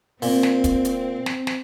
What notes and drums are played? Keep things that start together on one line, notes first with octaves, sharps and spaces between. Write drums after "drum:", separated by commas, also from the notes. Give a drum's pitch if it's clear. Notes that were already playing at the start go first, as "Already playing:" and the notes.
A#2 C4, drum: open hi-hat
drum: snare
drum: kick, hi-hat
drum: hi-hat
drum: snare
drum: snare